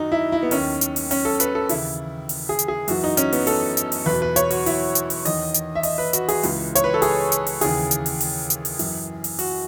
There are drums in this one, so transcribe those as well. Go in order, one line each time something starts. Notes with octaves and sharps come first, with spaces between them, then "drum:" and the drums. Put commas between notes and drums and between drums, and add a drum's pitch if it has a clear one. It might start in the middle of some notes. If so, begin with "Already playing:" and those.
Already playing: F#2 D#3 D#4 F#4
E4
E4
B3
D#2 D#3 C#4, drum: open hi-hat
drum: hi-hat
drum: open hi-hat
C#4, drum: open hi-hat
A4
B4, drum: hi-hat
A4
D#2 C#3 E3 E4, drum: open hi-hat
drum: open hi-hat
G#4
drum: hi-hat
G#4
F#2 E3 F#4, drum: open hi-hat
D#4
C#4, drum: hi-hat
B3, drum: open hi-hat
A4, drum: open hi-hat
drum: hi-hat
drum: open hi-hat
E2 B2 B4
B4
C#5, drum: hi-hat
F#4, drum: open hi-hat
E4, drum: open hi-hat
drum: hi-hat
drum: open hi-hat
E2 D#3 D#5, drum: open hi-hat
drum: hi-hat
E5
D#5, drum: open hi-hat
B4
F#4, drum: hi-hat
G#4, drum: open hi-hat
C#2 C#3 E3, drum: open hi-hat
C#5, drum: hi-hat
B4
A4
G#4, drum: open hi-hat
drum: hi-hat
drum: open hi-hat
D#2 C#3 E3 G#4, drum: open hi-hat
drum: hi-hat
drum: open hi-hat
drum: open hi-hat
drum: hi-hat
drum: open hi-hat
F#2 E3, drum: open hi-hat
drum: open hi-hat
F#4, drum: open hi-hat